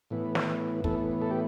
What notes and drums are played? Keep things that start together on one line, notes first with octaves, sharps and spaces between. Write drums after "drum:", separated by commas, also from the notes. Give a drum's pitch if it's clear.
A2 E3 B3
drum: snare
A2 E3 B3 A4, drum: kick
A4
G4